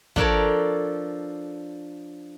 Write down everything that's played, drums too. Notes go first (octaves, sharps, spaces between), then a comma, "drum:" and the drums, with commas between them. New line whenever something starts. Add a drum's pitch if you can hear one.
F3 D4 A4 A#4 C#5 D5, drum: kick